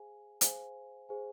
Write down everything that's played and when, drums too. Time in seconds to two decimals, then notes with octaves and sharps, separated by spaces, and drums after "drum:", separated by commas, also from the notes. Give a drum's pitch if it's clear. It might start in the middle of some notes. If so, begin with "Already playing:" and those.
Already playing: G#4 C5 F5 G#5
0.41 G#4 C5 F5 G#5, drum: hi-hat
1.09 G#4 C5 F5 G#5